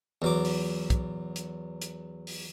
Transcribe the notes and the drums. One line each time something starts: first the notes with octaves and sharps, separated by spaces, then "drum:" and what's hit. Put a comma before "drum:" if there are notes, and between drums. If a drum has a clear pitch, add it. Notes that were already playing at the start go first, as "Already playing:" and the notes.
E2 F#3 D6
drum: open hi-hat
drum: kick, hi-hat
drum: hi-hat
drum: hi-hat
drum: open hi-hat